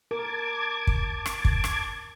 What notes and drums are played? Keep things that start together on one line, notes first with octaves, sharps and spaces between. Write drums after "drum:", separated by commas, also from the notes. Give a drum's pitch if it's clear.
A#4 A5 D6 G#6
drum: kick
drum: rim click
drum: kick
drum: rim click